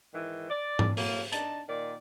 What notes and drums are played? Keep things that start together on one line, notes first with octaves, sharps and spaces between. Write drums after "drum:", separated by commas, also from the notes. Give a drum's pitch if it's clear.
G#2 D#3 E3
D5
drum: tom G#2
A2 C#3 F#3 A#3, drum: open hi-hat
D4 D#4 A5, drum: hi-hat
A#2 D#3 D5